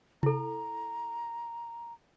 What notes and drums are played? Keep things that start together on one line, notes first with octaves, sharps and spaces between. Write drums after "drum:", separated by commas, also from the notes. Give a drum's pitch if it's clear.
E4 A4 A#5, drum: tom C3